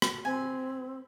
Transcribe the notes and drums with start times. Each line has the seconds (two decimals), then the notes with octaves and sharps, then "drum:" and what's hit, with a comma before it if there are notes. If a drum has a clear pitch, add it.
0.02 drum: rim click
0.25 C4 G#5